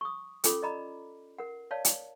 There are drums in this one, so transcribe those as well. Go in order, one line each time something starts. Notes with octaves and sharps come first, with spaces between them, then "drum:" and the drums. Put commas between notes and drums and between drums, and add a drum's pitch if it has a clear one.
C#6 D#6
C#4 F4 A4 D6, drum: hi-hat
D5 D#5 A#5 B5
A#4 F#5
C#5 D5 F5 A5
drum: hi-hat